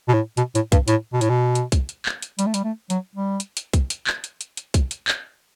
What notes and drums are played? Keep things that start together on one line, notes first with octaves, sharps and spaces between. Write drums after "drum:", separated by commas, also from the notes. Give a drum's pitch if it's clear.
B2
A2
B2, drum: hi-hat
A2, drum: hi-hat
G2, drum: kick, hi-hat
A2, drum: hi-hat
B2
A2, drum: hi-hat
B2
drum: hi-hat
drum: kick, hi-hat
drum: hi-hat
drum: clap
drum: hi-hat
G3, drum: hi-hat
A3
G3, drum: hi-hat
A3
F#3, drum: hi-hat
G3
drum: hi-hat
drum: hi-hat
drum: kick, hi-hat
drum: hi-hat
drum: clap
drum: hi-hat
drum: hi-hat
drum: hi-hat
drum: kick, hi-hat
drum: hi-hat
drum: clap